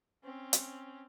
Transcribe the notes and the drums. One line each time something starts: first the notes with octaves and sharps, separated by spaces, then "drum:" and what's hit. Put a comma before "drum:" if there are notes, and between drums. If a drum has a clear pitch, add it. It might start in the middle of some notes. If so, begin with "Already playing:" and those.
C4 C#4
drum: hi-hat